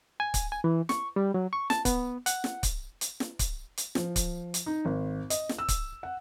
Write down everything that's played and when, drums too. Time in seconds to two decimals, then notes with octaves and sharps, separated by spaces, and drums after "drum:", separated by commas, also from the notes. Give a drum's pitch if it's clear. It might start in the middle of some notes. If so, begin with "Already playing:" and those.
0.20 G#5
0.34 drum: kick C#1, hi-hat
0.52 G#5
0.64 E3
0.89 C#6, drum: snare
1.16 G3
1.34 F#3
1.53 C#6
1.70 A5, drum: snare
1.85 B3, drum: kick C#1, hi-hat
2.26 F#5, drum: hi-hat
2.44 drum: snare
2.63 drum: kick C#1, hi-hat
3.01 drum: hi-hat
3.20 drum: snare
3.39 drum: kick C#1, hi-hat
3.78 drum: hi-hat
3.95 F3, drum: snare
4.16 drum: kick C#1, hi-hat
4.54 drum: hi-hat
4.66 D#4
4.85 G#1
5.30 D#5, drum: hi-hat
5.49 drum: snare
5.58 E6
5.68 drum: kick C#1, hi-hat
6.03 F#5